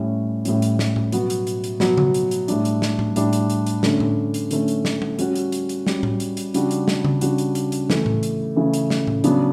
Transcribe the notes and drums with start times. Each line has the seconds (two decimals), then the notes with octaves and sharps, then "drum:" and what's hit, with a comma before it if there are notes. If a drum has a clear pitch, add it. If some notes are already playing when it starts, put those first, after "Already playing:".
Already playing: A2 G3 C#4
0.45 A2 G3 C#4, drum: hi-hat
0.62 drum: hi-hat
0.79 drum: snare
0.96 drum: tom A2
1.12 B2 F#3 B3 F#4, drum: hi-hat
1.30 drum: hi-hat
1.47 drum: hi-hat
1.64 drum: hi-hat
1.80 B2 F#3 B3 F#4, drum: snare
1.98 drum: tom C#3
2.14 drum: hi-hat
2.31 drum: hi-hat
2.48 A2 G3 D4, drum: hi-hat
2.65 drum: hi-hat
2.82 drum: snare
2.99 drum: tom A2
3.16 A2 G3 D4, drum: hi-hat
3.33 drum: hi-hat
3.50 drum: hi-hat
3.67 drum: hi-hat
3.83 D3 A3 C#4, drum: snare
4.00 drum: tom A2
4.34 drum: hi-hat
4.51 D3 A3 C#4, drum: hi-hat
4.68 drum: hi-hat
4.85 drum: snare
5.02 drum: tom G3
5.19 G3 C#4 F#4, drum: hi-hat
5.36 drum: hi-hat
5.52 drum: hi-hat
5.69 drum: hi-hat
5.87 G3 C#4 F#4, drum: snare
6.03 drum: tom A2
6.20 drum: hi-hat
6.37 drum: hi-hat
6.54 C#3 G3 D4 F#4, drum: hi-hat
6.71 drum: hi-hat
6.88 drum: snare
7.05 drum: tom C#3
7.21 C#3 G3 D4 F#4, drum: hi-hat
7.38 drum: hi-hat
7.55 drum: hi-hat
7.72 drum: hi-hat
7.90 C#3 E3 A3, drum: snare
8.06 drum: tom A2
8.23 drum: hi-hat
8.56 C#3 E3 A3
8.74 drum: hi-hat
8.90 drum: snare
9.07 drum: tom A2
9.24 C#3 F#3 B3 D4, drum: hi-hat